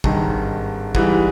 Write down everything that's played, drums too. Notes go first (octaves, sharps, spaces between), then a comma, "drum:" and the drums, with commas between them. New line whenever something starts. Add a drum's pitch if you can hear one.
G#1 G2 D#3, drum: kick
G#2 E3 G3, drum: kick